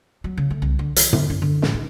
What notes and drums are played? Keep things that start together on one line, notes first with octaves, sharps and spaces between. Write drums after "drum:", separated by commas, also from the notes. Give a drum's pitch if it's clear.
F#3
C#3
A3
C2
D3
E3, drum: hi-hat
D3, drum: tom
C#4
D3
A2, drum: snare
D#4